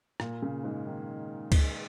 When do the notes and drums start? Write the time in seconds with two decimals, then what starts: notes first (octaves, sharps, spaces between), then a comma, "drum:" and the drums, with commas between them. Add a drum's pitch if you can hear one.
0.20 A#2, drum: rim click
0.42 C#3
0.64 G#2
0.86 D#3
1.52 drum: kick C#2, cymbal